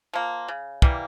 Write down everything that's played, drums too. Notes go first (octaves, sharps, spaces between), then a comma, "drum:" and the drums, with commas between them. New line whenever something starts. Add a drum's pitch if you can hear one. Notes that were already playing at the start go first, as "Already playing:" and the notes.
F3 A#3
C#3
E3 G3 A#3, drum: kick